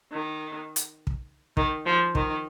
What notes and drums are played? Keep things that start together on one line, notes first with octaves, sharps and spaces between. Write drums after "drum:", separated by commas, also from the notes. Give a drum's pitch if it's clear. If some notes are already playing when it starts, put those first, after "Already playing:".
D#3
drum: hi-hat
drum: kick
D#3, drum: kick
F3
D#3, drum: kick